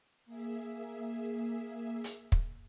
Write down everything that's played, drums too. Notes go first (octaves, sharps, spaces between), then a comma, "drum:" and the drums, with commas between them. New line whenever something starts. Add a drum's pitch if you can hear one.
A#3 G#4 E5
drum: hi-hat
drum: kick